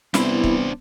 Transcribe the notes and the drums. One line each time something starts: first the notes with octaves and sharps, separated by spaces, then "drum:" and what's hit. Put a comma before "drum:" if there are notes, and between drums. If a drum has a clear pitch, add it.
C2 B3 D4 E4 C5, drum: snare
drum: kick